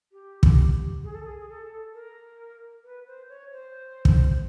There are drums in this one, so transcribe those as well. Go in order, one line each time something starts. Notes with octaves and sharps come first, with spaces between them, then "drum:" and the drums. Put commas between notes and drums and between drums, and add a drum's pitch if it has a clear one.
G4
drum: kick
G#4
A4
G#4
G#4
A4
A#4
B4
C5
C#5
C5
drum: kick